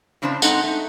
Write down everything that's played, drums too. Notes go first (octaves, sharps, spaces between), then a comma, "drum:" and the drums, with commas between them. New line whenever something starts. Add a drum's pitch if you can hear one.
A2 C#3 C4 D4 C5 A5
G#3 C4 D#4 A4 F#5, drum: tambourine
A3 D#4